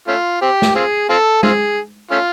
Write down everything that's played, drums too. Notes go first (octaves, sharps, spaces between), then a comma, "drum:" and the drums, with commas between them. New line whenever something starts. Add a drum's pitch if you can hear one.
A3 C#4 F4
C4 G4
drum: snare
C4 F4 G#4
C4 F4 A4
C4 F4 G#4, drum: tom G#3
A3 C#4 F4